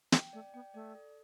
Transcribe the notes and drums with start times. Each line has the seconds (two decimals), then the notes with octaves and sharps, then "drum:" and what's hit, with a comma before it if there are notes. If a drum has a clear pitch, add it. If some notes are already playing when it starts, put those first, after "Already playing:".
0.12 G5, drum: snare
0.33 A3 D5
0.54 B3 G5
0.74 A3 D5
0.95 A4